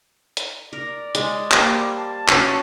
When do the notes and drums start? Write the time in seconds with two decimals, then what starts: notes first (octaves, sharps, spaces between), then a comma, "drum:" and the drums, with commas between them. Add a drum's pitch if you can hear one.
0.37 drum: hi-hat
0.73 A#4 D5
1.15 G#3, drum: hi-hat
1.52 G3 A#3 C5, drum: clap
1.97 A5
2.28 C#4 F#4 A4, drum: clap